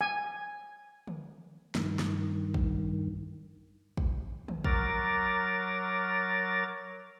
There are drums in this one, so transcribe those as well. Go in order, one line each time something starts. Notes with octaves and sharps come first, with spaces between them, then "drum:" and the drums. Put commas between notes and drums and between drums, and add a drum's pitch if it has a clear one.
G#5
drum: tom D3
G2 D#3, drum: snare
drum: snare
drum: kick
drum: kick
drum: tom D3
F#3 A#4 A#5 D6 A6, drum: kick